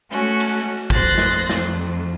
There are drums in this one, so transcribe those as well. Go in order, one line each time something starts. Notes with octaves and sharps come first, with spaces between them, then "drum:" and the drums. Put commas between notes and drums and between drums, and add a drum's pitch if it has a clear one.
A3 C#4 F#4
drum: cymbal
F2 C5 F#6 A6 A#6, drum: kick G#1
drum: snare
F2, drum: snare